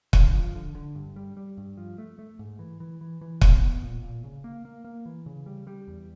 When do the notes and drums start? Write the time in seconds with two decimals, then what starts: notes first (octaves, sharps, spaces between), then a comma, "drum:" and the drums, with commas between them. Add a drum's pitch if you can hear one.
0.13 D3, drum: kick
0.34 F3
0.55 D3
0.75 D3
0.95 G2
1.16 G3
1.37 G3
1.58 G2
1.77 F3
1.98 A3
2.19 A3
2.39 G#2
2.59 E3
2.80 E3
3.01 E3
3.21 E3
3.41 B3, drum: kick
3.62 B3
3.83 A#2
4.03 A#2
4.24 C#3
4.44 A#3
4.65 A#3
4.85 A#3
5.06 E3
5.26 C#3
5.46 G3
5.67 G3
5.88 E2